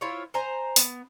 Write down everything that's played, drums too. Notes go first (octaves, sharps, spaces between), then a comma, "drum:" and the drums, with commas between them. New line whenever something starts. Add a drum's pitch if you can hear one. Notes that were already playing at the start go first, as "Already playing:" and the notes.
E4 F4 C5 C#5
C5 G#5 A#5
B3, drum: open hi-hat